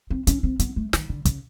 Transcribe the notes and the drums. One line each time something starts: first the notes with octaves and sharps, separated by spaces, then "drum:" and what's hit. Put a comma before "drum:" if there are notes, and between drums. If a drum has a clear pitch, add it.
C4
C#4, drum: hi-hat
C4
B3, drum: hi-hat
A3
D#3, drum: snare
D3
C#3, drum: kick, hi-hat